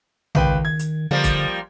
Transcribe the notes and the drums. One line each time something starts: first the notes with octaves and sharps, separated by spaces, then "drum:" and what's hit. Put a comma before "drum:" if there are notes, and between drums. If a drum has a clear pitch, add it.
C#2 D#3 B4 G5, drum: tom A#1
G#6
drum: hi-hat
D3 F3 G3 A#3
drum: kick, hi-hat